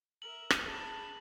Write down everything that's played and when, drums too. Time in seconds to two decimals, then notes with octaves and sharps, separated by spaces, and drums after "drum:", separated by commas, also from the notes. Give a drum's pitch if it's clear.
0.22 A#4 E5 F#7
0.50 drum: rim click
0.67 G#4 A5 B5